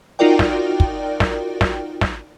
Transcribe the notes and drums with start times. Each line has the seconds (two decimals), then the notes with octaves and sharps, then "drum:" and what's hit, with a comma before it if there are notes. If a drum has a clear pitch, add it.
0.19 D#4 F4 F#4 A#4 D5 G5
0.39 drum: snare
0.80 drum: kick
1.20 drum: snare
1.61 drum: snare
2.01 drum: snare